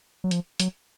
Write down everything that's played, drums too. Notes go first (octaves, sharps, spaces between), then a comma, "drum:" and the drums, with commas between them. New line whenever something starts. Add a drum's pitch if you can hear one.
F#3
F3, drum: hi-hat
F#3, drum: hi-hat